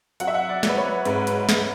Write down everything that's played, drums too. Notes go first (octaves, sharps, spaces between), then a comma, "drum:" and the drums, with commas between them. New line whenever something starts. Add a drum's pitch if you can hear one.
F#3 F#5, drum: hi-hat
E5
F#5
D5
F#3, drum: snare
B4
C#5
G#2 B4, drum: hi-hat
drum: hi-hat
G#2, drum: snare